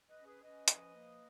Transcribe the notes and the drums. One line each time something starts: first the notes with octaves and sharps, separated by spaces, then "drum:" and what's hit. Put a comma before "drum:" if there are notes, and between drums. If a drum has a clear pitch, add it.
B4 D#5
C#4
G#4 B4
C#4 B4 D#5
F3, drum: hi-hat
A#3